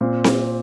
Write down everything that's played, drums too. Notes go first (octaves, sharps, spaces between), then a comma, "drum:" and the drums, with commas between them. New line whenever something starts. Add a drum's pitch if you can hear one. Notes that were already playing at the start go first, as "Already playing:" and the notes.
A#2 C4
drum: snare C4